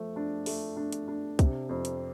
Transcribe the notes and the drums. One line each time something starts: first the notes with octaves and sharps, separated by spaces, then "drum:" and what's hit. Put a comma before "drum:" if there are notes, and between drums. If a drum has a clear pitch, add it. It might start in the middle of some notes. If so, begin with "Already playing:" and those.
Already playing: F3 A3
D4
A3, drum: open hi-hat
D4
drum: hi-hat
D4
C3, drum: kick C2, hi-hat
F2
drum: hi-hat